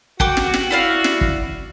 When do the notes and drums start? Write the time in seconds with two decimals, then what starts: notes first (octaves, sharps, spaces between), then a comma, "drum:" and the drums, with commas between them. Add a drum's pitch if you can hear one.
0.20 F#4 F#5 G5 D6, drum: kick
0.37 drum: snare
0.54 drum: snare
0.71 E4 D5 F5
1.04 drum: snare
1.21 drum: kick